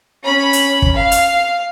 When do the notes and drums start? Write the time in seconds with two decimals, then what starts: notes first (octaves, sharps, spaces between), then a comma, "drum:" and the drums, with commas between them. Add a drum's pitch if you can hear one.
0.24 C#4 B5
0.53 drum: hi-hat
0.82 drum: kick
0.96 F5
1.12 drum: hi-hat